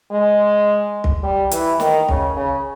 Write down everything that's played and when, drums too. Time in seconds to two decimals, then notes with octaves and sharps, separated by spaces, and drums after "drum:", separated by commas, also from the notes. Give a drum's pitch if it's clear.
0.11 G#3
1.04 drum: kick
1.23 G3
1.51 E3, drum: hi-hat
1.80 D#3, drum: snare
2.09 C#3, drum: kick
2.36 C#3